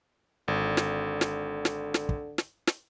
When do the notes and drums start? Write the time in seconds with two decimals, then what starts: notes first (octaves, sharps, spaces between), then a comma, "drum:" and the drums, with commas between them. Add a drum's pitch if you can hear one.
0.48 G#1 D3
0.77 drum: snare
1.21 drum: snare
1.65 drum: snare
1.94 drum: snare
2.09 drum: kick
2.38 drum: snare
2.67 drum: snare